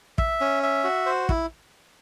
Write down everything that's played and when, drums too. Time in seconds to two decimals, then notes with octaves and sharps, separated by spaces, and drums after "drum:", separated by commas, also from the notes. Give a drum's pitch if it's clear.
0.18 E5, drum: kick
0.41 C#4
0.63 E5
0.84 F#4
1.06 C5
1.29 E4, drum: kick